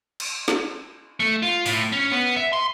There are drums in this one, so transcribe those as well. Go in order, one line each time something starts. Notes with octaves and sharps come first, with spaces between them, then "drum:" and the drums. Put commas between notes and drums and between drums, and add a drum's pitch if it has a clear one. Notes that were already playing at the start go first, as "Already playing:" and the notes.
drum: cymbal
drum: snare
A3
F4
A2, drum: open hi-hat
C#4
B3
E5
C6